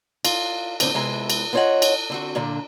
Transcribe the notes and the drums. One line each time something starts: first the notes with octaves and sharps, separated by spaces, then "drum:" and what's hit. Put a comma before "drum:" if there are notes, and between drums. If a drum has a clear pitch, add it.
F4, drum: cymbal
E2 A2 D3 C4, drum: cymbal
C3 G#3 B3 E4 A#5
drum: cymbal
B3 C#4 F4 C#5 D#5 F#5
drum: cymbal
D3 C4 F#4
A#2 D3 D4 A#5